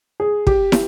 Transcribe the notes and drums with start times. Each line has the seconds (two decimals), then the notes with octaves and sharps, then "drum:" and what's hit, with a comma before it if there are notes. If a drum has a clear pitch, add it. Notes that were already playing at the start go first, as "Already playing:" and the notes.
0.20 G#4
0.47 G4, drum: kick
0.72 drum: snare